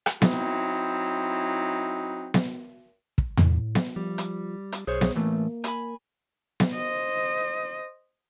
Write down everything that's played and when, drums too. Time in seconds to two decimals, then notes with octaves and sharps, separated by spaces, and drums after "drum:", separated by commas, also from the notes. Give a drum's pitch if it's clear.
0.06 drum: rim click
0.22 F#3 C4 D#4 E4, drum: snare B3
2.34 drum: snare B3
3.18 drum: kick
3.37 A2, drum: tom E2
3.75 drum: snare B3
3.96 F3 G3
4.18 drum: hi-hat
4.72 drum: hi-hat
4.87 B1 G#4 C5 C#5
5.01 drum: snare B3
5.16 A2 E3 A3 A#3
5.64 G#5 B5, drum: hi-hat
6.60 drum: snare B3
6.75 C5 D#5